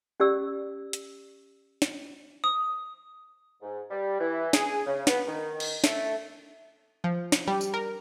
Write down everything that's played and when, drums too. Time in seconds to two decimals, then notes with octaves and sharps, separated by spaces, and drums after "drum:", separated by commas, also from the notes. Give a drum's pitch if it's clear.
0.20 C#4 G4 D5 E6
0.93 drum: hi-hat
1.82 drum: snare
2.44 D#6
3.62 G#2
3.91 G3
4.20 E3
4.53 G#4, drum: snare
4.86 C#3
5.07 B3, drum: snare
5.27 D#3
5.60 drum: cymbal
5.84 A3, drum: snare
7.04 F3
7.32 drum: snare
7.48 G3
7.61 drum: tambourine
7.74 A#4